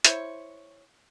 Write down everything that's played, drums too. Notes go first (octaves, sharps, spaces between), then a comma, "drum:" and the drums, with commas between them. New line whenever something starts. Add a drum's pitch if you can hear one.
E4 C5 C#5, drum: hi-hat